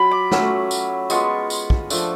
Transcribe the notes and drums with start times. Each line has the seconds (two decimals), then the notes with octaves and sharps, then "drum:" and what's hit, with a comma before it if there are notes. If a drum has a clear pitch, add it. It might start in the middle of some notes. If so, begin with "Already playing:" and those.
Already playing: F#3 F4 B5
0.11 D6
0.31 F#3 A3 C#4, drum: snare
0.71 drum: tambourine
1.10 G#3 B3 F4 C#6, drum: tambourine
1.50 drum: tambourine
1.70 drum: kick
1.90 F3 A3 D4, drum: tambourine